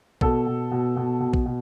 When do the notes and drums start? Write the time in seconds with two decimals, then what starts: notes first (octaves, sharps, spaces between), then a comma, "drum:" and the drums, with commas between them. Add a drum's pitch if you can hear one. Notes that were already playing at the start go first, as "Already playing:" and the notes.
0.21 B2 A4, drum: kick
0.46 B2
0.71 B2
0.96 B2
1.20 B2
1.33 drum: kick
1.46 B2